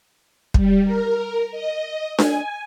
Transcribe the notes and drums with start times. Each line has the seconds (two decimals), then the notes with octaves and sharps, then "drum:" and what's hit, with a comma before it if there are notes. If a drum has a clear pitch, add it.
0.54 G3, drum: kick
0.84 A#4
1.51 D#5
2.18 G#5, drum: snare D4